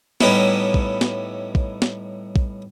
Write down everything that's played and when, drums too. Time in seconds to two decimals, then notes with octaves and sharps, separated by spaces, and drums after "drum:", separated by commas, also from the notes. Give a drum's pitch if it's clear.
0.21 A2 G3 B3 C#4 D#4 E4, drum: snare
0.74 drum: kick
1.01 drum: snare
1.55 drum: kick
1.82 drum: snare
2.36 drum: kick